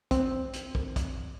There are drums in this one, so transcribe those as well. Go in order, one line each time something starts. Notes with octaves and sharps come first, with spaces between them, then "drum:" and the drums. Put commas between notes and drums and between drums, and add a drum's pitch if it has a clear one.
C4, drum: kick, hi-hat
drum: hi-hat
drum: kick
drum: kick, hi-hat